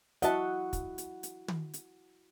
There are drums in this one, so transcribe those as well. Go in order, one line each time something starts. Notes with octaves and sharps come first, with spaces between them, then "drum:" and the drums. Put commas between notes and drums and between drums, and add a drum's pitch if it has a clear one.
E4 F#4 D#5 E5 F#5 A5, drum: hi-hat
drum: kick, hi-hat
drum: hi-hat
drum: hi-hat
drum: tom
drum: hi-hat